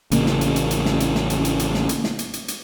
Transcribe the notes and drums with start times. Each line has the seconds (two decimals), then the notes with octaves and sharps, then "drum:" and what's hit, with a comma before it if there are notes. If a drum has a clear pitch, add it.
0.11 A1 C#3 A#3, drum: hi-hat
0.26 drum: snare
0.41 drum: hi-hat
0.56 drum: hi-hat
0.71 drum: hi-hat
0.85 drum: snare
1.00 drum: hi-hat
1.15 drum: snare
1.30 drum: hi-hat
1.45 drum: hi-hat
1.59 drum: hi-hat
1.74 drum: snare
1.89 drum: hi-hat
2.04 drum: snare
2.19 drum: hi-hat
2.33 drum: hi-hat
2.48 drum: hi-hat